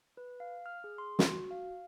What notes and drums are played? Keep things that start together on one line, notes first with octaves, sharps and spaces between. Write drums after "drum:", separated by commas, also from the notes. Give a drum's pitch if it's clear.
B4
F5
F6
G#4
C6
F#4, drum: snare
F#4
F5